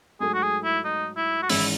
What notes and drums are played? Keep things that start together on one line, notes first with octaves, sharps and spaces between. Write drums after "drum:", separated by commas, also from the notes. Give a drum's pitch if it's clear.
G#2 F#3 A3 G#4
F#4
G#4
E4
D#4
E4
F#4
G#1 G#2 E3 G#3 C#4 E4, drum: open hi-hat